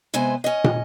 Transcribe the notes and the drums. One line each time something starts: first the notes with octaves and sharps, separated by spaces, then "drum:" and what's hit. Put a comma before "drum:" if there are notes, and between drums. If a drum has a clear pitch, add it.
C3 G#3 B3 C5 G#5
C#4 D#5
drum: tom